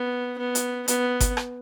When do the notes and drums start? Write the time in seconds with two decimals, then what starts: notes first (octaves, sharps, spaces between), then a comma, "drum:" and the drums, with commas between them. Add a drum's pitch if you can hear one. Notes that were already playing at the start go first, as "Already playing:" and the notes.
Already playing: B3
0.38 B3
0.55 drum: hi-hat
0.88 B3, drum: hi-hat
1.20 drum: kick G1, hi-hat
1.37 drum: rim click